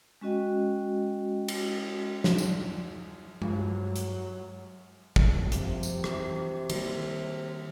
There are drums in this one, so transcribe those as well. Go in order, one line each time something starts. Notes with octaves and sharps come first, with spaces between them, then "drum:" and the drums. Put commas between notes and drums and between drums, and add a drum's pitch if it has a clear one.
G#3 C#4 F#4 D#5 G5
drum: cymbal
drum: snare
drum: tambourine
G2 F#3, drum: tom G#3
drum: hi-hat
drum: kick
F2 C3 F3, drum: hi-hat
drum: tambourine
E3, drum: rim click
D#3 G3 A#3, drum: cymbal